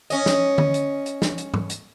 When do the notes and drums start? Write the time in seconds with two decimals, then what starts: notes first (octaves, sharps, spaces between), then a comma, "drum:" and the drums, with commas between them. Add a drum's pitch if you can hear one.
0.10 C#4 D#5, drum: hi-hat
0.26 drum: snare
0.58 drum: tom D3
0.74 drum: hi-hat
1.06 drum: hi-hat
1.22 drum: snare
1.38 drum: hi-hat
1.54 drum: tom G#2
1.70 drum: hi-hat